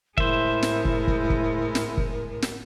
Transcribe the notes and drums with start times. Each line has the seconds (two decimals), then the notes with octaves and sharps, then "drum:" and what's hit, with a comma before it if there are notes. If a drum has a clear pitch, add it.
0.18 A2 G#3 E4 A#4 C5 E5, drum: kick
0.63 drum: snare
0.85 drum: kick
1.08 drum: kick
1.30 drum: kick
1.75 drum: snare
1.97 drum: kick
2.42 drum: snare